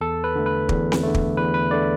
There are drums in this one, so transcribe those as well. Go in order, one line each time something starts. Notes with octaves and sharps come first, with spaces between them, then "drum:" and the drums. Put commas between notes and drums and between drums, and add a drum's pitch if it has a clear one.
E2 A4
B4
D3 A3
B4
E2, drum: kick
drum: snare C4
D3 A3
drum: kick
E2 B4
B4
D3 A3 D5